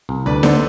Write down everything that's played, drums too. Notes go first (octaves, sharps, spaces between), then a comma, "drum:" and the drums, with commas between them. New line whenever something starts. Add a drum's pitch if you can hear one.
C2
D2 B4 D5
D3 A4 C5, drum: snare D#4